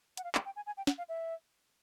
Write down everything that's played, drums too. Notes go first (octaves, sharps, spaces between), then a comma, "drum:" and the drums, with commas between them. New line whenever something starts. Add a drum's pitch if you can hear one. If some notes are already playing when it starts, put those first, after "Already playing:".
F#5, drum: hi-hat
F5
G5, drum: clap
G5
G#5
G#5
G5
F#5, drum: snare
F5
E5